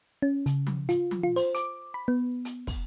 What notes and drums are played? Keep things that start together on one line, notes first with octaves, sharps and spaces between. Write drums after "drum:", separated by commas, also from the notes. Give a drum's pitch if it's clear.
C#4
C#3, drum: hi-hat
drum: tom F3
F4, drum: hi-hat
drum: tom F3
F4
C5, drum: open hi-hat
D6, drum: hi-hat
B5
B3
drum: hi-hat
drum: kick, open hi-hat